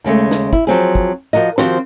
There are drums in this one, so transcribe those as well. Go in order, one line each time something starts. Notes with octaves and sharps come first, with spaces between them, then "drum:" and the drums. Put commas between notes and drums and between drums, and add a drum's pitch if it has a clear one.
D#2 C#3 G#3 A3
drum: snare
E4, drum: kick
F3 F#3 C4 G#4
drum: kick
F3 F#4 A#4 D#5
D#3 F3 C4 F#4 G4 C5, drum: snare